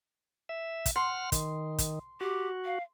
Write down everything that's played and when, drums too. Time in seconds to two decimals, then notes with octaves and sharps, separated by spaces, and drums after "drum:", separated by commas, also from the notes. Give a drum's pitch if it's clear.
0.49 E5
0.86 drum: kick, hi-hat
0.96 F#5 C6 F6
1.32 D#3, drum: kick, hi-hat
1.78 drum: kick, hi-hat
2.21 F#4 G4
2.65 F5